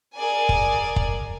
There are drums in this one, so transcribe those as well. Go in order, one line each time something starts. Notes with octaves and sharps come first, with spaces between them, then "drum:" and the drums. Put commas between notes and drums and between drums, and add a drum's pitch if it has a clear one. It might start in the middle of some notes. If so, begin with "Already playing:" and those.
G#4 A#4 D5 G#5
drum: kick
drum: kick